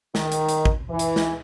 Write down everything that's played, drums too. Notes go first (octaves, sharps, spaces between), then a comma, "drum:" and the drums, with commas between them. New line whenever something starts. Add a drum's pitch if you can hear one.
D#3, drum: snare
drum: hi-hat
drum: hi-hat
drum: kick
E3
drum: hi-hat
drum: snare